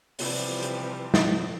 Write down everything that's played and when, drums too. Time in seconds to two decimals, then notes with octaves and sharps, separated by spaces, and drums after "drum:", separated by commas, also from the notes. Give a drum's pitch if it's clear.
0.19 C3 E3 F3 G3, drum: open hi-hat
0.63 drum: hi-hat
1.14 drum: snare